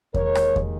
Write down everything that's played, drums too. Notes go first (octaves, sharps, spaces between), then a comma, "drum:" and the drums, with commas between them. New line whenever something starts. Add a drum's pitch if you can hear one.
D#2 D#3 G#3 A#4 C#5, drum: kick E2
drum: rim click
drum: kick E2